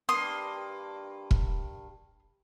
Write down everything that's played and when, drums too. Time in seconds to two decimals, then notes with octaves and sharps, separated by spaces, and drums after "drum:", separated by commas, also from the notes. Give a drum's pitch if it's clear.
0.09 G2 A#3 C6 D#6
1.31 drum: kick